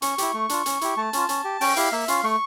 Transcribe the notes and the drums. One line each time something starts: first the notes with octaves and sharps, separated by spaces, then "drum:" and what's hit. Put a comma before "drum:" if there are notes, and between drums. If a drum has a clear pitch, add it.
C#4 C#6, drum: hi-hat
E4 G4, drum: hi-hat
A3
D4 F4, drum: hi-hat
C#4, drum: hi-hat
E4 G4, drum: hi-hat
A3 A5
C#4 F4, drum: hi-hat
C#4, drum: hi-hat
G4
C#4 G5, drum: open hi-hat
E4 G4 F5, drum: hi-hat
A#3 E5
C#4 F4 F5, drum: hi-hat
A3 C#6